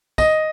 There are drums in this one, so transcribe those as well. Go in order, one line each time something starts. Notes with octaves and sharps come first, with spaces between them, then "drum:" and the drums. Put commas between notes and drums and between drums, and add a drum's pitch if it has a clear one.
D#5, drum: kick, tambourine